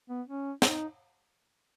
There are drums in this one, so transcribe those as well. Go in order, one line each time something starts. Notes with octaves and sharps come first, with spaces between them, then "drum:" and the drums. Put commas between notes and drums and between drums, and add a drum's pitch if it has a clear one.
B3
C#4
D#4, drum: snare